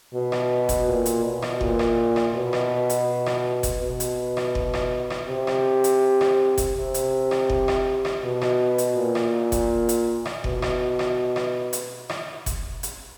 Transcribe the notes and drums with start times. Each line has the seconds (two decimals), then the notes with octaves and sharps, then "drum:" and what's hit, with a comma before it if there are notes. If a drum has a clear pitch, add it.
0.14 B2
0.32 drum: rim click
0.69 drum: kick F#1, hi-hat
0.88 A#2
1.06 drum: hi-hat
1.24 B2
1.42 drum: rim click
1.61 A#2, drum: kick F#1
1.79 drum: rim click
2.16 drum: rim click
2.35 B2
2.53 drum: rim click
2.90 drum: hi-hat
3.26 drum: rim click
3.63 drum: kick F#1, hi-hat
3.81 B2
4.00 drum: hi-hat
4.37 drum: rim click
4.55 drum: kick F#1
4.74 drum: rim click
5.10 drum: rim click
5.28 C3
5.47 drum: rim click
5.84 drum: hi-hat
6.21 drum: rim click
6.58 drum: kick F#1, hi-hat
6.76 C3
6.94 drum: hi-hat
7.31 drum: rim click
7.50 drum: kick F#1
7.68 drum: rim click
8.05 drum: rim click
8.23 B2
8.42 drum: rim click
8.78 drum: hi-hat
8.96 A#2
9.15 drum: rim click
9.52 drum: kick F#1, hi-hat
9.89 drum: hi-hat
10.25 drum: rim click
10.44 B2, drum: kick F#1
10.62 drum: rim click
10.99 drum: rim click
11.36 drum: rim click
11.73 drum: hi-hat
12.09 drum: rim click
12.46 drum: kick F#1, hi-hat
12.83 drum: hi-hat